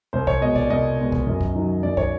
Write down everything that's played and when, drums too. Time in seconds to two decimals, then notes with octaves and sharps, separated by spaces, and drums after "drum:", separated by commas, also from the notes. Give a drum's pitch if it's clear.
0.13 C2 C5
0.27 C#5, drum: kick
0.41 B2 G#3 D#5
0.56 D5, drum: kick
0.70 C2 D#5
0.98 B2 G#3
1.12 drum: kick
1.27 F#2
1.41 drum: kick
1.55 D#3 F#3
1.83 F#2 D5
1.97 C#5, drum: kick